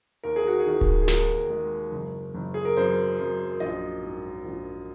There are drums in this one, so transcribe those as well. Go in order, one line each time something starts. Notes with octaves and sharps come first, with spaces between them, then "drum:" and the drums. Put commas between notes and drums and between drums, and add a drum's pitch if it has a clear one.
D#2 A#4
G#4
F#4
G#4
D#3
drum: kick D1
G#4
D#2 A#4, drum: snare
G#3
F#1
F#1
G#4
A#4
F#2 C5
F#2
A#1 D#5
G#2
A#1